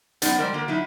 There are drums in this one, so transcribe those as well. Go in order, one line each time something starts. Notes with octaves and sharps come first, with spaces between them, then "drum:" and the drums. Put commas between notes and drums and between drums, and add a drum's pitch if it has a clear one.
F#2 B3 D#4 D5, drum: hi-hat
G3 G#3 A#4 C5 D5
D3 A#3 F#4
F#3 D#4 E4